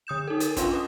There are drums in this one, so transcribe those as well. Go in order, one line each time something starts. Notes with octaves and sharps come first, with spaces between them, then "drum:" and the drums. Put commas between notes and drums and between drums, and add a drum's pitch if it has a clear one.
D3 D#6 G6 E7
D#4 A4
A#4, drum: hi-hat
C#4 D4 F4 B4 F5 C6, drum: kick, hi-hat
D6 D#6